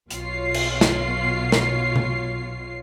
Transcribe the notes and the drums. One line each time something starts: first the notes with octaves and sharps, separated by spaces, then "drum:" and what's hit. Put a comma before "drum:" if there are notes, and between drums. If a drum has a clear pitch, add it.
B1 B2 F4 C#5 C7, drum: hi-hat
drum: cymbal
drum: snare
drum: snare
drum: tom C3